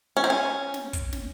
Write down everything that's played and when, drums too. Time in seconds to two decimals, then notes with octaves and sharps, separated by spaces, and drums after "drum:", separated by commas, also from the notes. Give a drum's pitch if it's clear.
0.17 C#4
0.24 C4
0.30 C#4
0.74 drum: snare
0.93 drum: kick, hi-hat
1.13 drum: snare